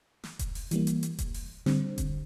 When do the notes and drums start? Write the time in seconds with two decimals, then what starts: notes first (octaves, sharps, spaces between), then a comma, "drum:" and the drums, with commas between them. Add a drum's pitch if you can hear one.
0.24 drum: snare
0.39 drum: kick E1, hi-hat
0.55 drum: open hi-hat
0.71 E3 G3 A#3, drum: hi-hat
0.87 drum: hi-hat
1.03 drum: hi-hat
1.19 drum: kick E1, hi-hat
1.34 drum: open hi-hat
1.66 D3 G3 C4, drum: snare
1.98 drum: kick E1, hi-hat